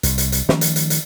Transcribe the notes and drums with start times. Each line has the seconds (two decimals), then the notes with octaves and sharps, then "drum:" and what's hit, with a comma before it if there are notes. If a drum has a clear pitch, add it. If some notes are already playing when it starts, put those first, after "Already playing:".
0.03 C2, drum: hi-hat
0.18 drum: hi-hat
0.32 drum: hi-hat
0.49 D#3 F3 A3 C#4, drum: snare
0.61 drum: hi-hat
0.76 drum: hi-hat
0.90 drum: hi-hat